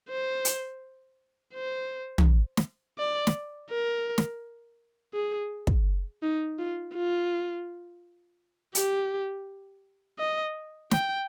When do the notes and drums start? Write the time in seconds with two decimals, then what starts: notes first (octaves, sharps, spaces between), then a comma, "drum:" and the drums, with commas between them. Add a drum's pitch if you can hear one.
0.09 C5
0.45 drum: hi-hat
1.54 C5
2.18 drum: tom
2.57 drum: snare
2.98 D5
3.27 drum: snare
3.70 A#4
4.18 drum: snare
5.14 G#4
5.67 drum: kick
6.23 D#4
6.59 F4
6.94 F4
8.75 G4, drum: hi-hat
10.19 D#5
10.91 G5, drum: snare